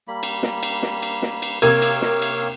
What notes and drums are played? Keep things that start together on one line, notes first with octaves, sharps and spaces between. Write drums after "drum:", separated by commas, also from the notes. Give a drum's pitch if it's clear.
G3 A#3 B5
drum: cymbal
drum: snare
drum: cymbal
drum: snare
drum: cymbal
drum: snare
drum: cymbal
C3 A#3 A#4 C#5 F5 G#6, drum: cymbal
drum: cymbal
drum: snare
drum: cymbal